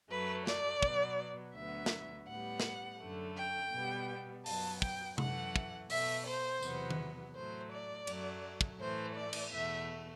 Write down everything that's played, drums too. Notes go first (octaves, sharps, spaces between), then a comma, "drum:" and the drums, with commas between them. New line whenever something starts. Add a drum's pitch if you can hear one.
F#2 F#3 A3 B4
D5, drum: snare
B2 F#3 B3, drum: kick
D2 D3 F#3 B3 E5
drum: snare
A2 G3 B3 F#5
drum: snare
F#2 D3 A3
G5
B2 G3 B3
F#2 F#3 B3 A5, drum: open hi-hat
G5, drum: kick
F#2 E3 A3 F#5, drum: tom C3
drum: kick
B2 A3 E5, drum: open hi-hat
C5
E2 C3 F#3 B3, drum: tambourine
drum: tom D#3
A2 F#3 A3 C5
D5
F#2 F#3 A3, drum: cymbal
drum: kick
A2 E3 A3 C5
D5
drum: cymbal
E2 B2 A3 E5